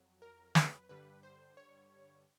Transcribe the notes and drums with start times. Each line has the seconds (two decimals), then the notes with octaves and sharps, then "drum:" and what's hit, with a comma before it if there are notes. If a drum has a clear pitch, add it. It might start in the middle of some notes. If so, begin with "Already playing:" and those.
Already playing: F2 F#3
0.22 A#4
0.55 B4, drum: snare
0.89 G2 D3 G3 B4
1.23 C5
1.57 C#5